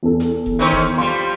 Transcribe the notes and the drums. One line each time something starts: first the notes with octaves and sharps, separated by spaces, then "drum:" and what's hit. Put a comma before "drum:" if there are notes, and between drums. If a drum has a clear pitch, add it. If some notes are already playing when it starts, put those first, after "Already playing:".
E2 A4
drum: hi-hat
drum: kick F1
D#3 C#4 C5
drum: kick F1, hi-hat
F3 G3 C6